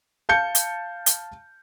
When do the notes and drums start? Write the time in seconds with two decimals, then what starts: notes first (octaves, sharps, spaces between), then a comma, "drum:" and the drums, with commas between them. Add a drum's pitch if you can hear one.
0.29 F5 A5 G6 C#7
0.55 drum: hi-hat
1.06 drum: hi-hat